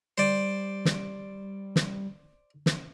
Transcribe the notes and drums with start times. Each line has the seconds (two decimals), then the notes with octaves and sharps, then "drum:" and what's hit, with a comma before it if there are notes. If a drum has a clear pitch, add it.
0.18 G3 C5 D5
0.85 drum: snare
1.76 drum: snare
2.66 drum: snare